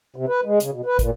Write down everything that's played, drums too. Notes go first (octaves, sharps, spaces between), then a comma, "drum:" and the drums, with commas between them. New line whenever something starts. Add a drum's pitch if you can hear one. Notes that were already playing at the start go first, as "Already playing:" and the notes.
C3
B4
G#3
C#3, drum: hi-hat
B2
B4
A#2, drum: kick, hi-hat